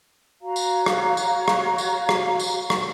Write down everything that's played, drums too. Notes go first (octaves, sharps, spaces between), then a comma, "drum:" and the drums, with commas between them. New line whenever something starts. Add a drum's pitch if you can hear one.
F#4 C#5 F5 A#5
drum: tambourine
drum: rim click
drum: tambourine
drum: rim click
drum: tambourine
drum: rim click
drum: tambourine
drum: rim click